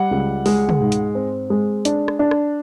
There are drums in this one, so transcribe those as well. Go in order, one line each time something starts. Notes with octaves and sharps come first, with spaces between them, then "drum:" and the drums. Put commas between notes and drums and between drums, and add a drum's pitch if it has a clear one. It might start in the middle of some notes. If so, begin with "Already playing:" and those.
Already playing: G3 F#5
C#2
G#3, drum: open hi-hat
drum: tom
G#2
drum: hi-hat
C4
G#3
D4, drum: hi-hat
drum: rim click
D4
drum: rim click